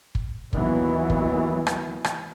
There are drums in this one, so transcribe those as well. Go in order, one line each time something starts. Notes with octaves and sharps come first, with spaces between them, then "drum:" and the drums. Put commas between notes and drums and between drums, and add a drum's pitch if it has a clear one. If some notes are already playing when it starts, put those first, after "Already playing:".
drum: kick
D#2 E3 F#3 B3, drum: kick
drum: kick
drum: rim click
drum: rim click